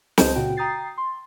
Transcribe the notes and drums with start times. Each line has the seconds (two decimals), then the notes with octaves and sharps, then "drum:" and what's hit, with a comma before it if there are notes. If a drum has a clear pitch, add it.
0.18 C#2 C5 D#5 A5 G6, drum: snare
0.36 A#2 C#3 F#4 G5
0.57 G5 A#5 D#6 G6 A6 C7
0.98 C6